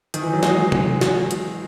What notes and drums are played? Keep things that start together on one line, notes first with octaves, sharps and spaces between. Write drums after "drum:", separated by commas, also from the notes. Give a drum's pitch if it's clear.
D#3, drum: hi-hat
E3
F#3
G#3, drum: snare
drum: tom C3
drum: snare
drum: hi-hat